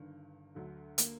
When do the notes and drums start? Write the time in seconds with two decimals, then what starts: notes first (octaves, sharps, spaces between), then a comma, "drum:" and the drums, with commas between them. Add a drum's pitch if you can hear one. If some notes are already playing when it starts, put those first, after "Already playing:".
Already playing: G1 G2 D#3
0.55 D2 D3 F#3
0.98 A#3, drum: hi-hat